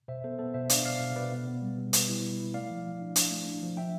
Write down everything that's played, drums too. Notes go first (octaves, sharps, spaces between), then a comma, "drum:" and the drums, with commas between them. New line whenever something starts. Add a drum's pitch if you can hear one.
B2 C5 E5
B3 A4 C5
B3 A4 C5
B2 C5 E5
D4 D5 F5, drum: hi-hat
B2 D5 F5
B2
B2 B4 D5
B3
B3
G3
G3
G3 B4, drum: hi-hat
E4
E4
E4
A3 D5 F5
F3
F3
D4
D4, drum: hi-hat
A3
D4
F3
F3 E5 G5